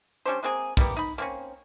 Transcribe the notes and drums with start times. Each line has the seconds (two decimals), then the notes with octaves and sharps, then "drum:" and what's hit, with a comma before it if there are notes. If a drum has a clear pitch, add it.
0.26 G3 C#4 D4 C5
0.43 G#3 A#3 C4 G#4
0.77 G3 A#3 B3 G4, drum: kick
0.96 D#4 B5
1.18 A#3 C4 C#4